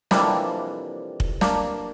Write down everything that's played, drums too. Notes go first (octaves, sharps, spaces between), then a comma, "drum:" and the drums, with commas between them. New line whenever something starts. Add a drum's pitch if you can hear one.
F2 C3 E3 G3 A#3 D4, drum: snare
drum: kick
A#3 D4, drum: snare